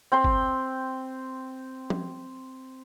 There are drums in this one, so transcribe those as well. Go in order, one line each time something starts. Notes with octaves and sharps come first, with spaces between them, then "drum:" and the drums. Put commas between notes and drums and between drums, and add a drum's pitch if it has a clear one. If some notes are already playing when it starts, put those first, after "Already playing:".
C4 G5 C6
drum: kick G1
drum: tom F3